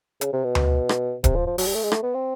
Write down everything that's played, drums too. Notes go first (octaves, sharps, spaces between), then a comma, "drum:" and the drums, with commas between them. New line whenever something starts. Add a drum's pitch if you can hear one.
C#3, drum: hi-hat
C3
B2
drum: tom D2
drum: rim click
C3, drum: kick D1, hi-hat
F3
F3
F#3, drum: open hi-hat
G3
A3
G#3
A3, drum: rim click
B3
C4